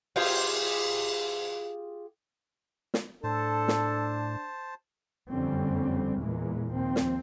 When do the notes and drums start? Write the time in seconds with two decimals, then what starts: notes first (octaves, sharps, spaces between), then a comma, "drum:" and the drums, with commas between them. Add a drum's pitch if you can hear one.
0.16 F4 G4 G#4, drum: cymbal
2.94 drum: snare
3.24 A2 D4 A4 C5 A5
3.68 drum: snare
5.30 F#1 F2 D3 G3 C4 C#4
6.18 E2 A#2 E3 G#3
6.73 D#2 F3 C4
6.96 drum: snare